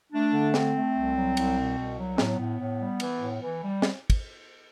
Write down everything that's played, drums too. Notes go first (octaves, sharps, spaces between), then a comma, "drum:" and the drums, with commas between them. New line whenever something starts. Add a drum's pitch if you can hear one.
A3 D4
D3
A3 C4, drum: snare
A3
C2
F#3
C2, drum: cymbal
B2
C2
F#3
C4
A2 B3, drum: snare
A2
A2
G3
E3, drum: cymbal
A2
E3
G3
drum: snare
drum: kick, cymbal